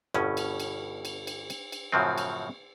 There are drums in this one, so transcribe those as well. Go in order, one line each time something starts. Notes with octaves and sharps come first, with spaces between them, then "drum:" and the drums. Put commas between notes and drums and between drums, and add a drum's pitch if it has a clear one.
G1 G2 B2 C#4, drum: rim click
drum: cymbal
drum: cymbal
drum: cymbal
drum: cymbal
drum: cymbal
drum: cymbal
F#2 A2 C#3 F3 F#3 C4
drum: cymbal